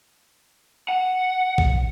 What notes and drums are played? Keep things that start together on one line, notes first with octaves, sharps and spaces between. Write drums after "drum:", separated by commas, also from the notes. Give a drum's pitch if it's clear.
F#5
drum: kick A1